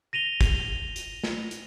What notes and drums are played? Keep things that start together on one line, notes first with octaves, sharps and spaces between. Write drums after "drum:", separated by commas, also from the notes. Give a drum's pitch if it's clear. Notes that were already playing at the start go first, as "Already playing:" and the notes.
A#6 D#7 F7 G7
drum: kick, hi-hat
drum: hi-hat
drum: snare
drum: hi-hat